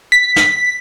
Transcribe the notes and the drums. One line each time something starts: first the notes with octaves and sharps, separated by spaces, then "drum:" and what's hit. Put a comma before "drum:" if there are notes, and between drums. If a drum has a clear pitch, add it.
B6
drum: snare